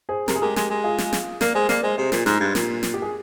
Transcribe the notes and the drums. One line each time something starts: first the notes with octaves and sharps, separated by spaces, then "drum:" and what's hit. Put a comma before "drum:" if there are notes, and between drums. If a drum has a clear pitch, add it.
G#4 C5
C3 A#4, drum: snare
G#4
G#3 G4 A#4
G#3, drum: snare
G#3
F4 G#4
drum: snare
drum: snare
A#3 A#4 D5, drum: snare
G#3 G#4 C5
A#3 A#4 D5, drum: snare
G#3 C5 D#5
C3 G#4 C5
A#2, drum: snare
G#2, drum: snare
G2
A#2, drum: snare
drum: snare
G4
G#4